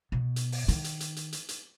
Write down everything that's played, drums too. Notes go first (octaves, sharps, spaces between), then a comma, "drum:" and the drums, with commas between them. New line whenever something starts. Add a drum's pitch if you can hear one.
B2
drum: hi-hat
drum: open hi-hat
D#3, drum: hi-hat
drum: hi-hat
drum: hi-hat
drum: hi-hat
drum: hi-hat
drum: hi-hat